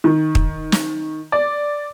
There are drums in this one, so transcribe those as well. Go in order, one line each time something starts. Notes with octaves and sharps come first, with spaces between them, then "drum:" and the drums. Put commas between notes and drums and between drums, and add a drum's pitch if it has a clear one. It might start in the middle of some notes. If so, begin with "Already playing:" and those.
D#3
drum: kick
drum: snare
D5